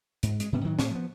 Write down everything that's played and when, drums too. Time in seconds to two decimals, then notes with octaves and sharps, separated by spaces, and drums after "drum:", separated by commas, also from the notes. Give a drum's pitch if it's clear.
0.23 G#2, drum: hi-hat
0.40 G#3, drum: hi-hat
0.52 G#2 C3 B3 C#4
0.64 A2 D#3 E3 F#3
0.79 A2, drum: snare
0.91 F3 B3